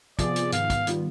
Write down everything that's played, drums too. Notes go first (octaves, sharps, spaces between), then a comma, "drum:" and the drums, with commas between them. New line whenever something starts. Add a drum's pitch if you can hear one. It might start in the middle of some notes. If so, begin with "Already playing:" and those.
C3 F3 B3 F4 G#4 D5, drum: kick, hi-hat
drum: hi-hat
G#2 D#3 B3 F5, drum: hi-hat
drum: kick, hi-hat
D#3 G3 B3 F4, drum: hi-hat